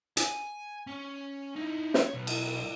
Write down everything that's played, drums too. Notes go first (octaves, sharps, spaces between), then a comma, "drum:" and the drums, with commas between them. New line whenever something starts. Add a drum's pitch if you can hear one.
G#5, drum: hi-hat
C#4
D#4 E4
C#5, drum: snare
B1 B2
drum: cymbal